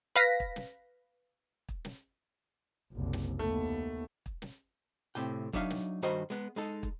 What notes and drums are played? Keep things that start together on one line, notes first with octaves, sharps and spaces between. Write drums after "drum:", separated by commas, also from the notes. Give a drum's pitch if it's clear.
B4 F5 A#6 B6
drum: kick
drum: snare
drum: kick
drum: snare
F#1 C2
drum: snare
D#2 A3 B3
drum: kick
drum: snare
A2 C3 G5
F#3 D4 D#4 E5 F5, drum: kick
drum: snare
G2 D#3 G3 F#4 C5 D#5
G#3 B3
G#3 D#4 A4
drum: kick